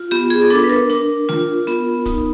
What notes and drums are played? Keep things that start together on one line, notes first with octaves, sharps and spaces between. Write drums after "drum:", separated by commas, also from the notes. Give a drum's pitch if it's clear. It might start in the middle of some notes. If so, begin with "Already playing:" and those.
Already playing: F4
B3 G4, drum: hi-hat
G#4
D4 A4, drum: hi-hat
B4
A#4
D4, drum: hi-hat
F4, drum: snare A3
B3, drum: hi-hat
D#4, drum: kick, hi-hat